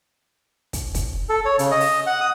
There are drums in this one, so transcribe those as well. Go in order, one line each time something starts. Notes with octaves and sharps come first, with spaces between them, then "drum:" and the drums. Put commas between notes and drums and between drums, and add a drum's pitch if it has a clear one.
drum: kick, hi-hat
drum: kick, hi-hat
A4
C#5
C#3, drum: hi-hat
D#5
drum: open hi-hat
F#5
D#6